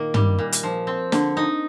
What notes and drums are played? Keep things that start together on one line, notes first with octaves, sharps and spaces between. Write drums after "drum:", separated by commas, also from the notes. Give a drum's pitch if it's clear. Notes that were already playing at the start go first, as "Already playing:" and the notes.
Already playing: A#2 D#3 A#3
G3, drum: tom
A#2
drum: hi-hat
F3
C4
D3, drum: snare
D#4